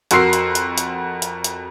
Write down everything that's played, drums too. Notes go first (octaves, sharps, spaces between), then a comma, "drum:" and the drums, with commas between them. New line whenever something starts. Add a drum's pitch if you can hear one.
F2 F#4 A#4 C6 E6 C7, drum: hi-hat
drum: hi-hat
drum: hi-hat
drum: hi-hat
drum: hi-hat
drum: hi-hat